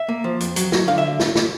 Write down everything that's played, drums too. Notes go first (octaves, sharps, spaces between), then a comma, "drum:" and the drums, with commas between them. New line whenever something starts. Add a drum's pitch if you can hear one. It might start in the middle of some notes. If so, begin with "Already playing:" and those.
Already playing: E5
A#3
F3
F2, drum: hi-hat
F#3, drum: hi-hat
F#3, drum: snare
D3 F5
E5
drum: snare
drum: snare